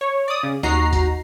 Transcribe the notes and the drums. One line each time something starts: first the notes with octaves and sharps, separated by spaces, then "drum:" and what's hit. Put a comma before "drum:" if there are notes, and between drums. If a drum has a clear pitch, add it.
C#5
D5 D#6
C#3
D#2 D#4 F#4 A#5 C7, drum: snare
drum: kick G#1, hi-hat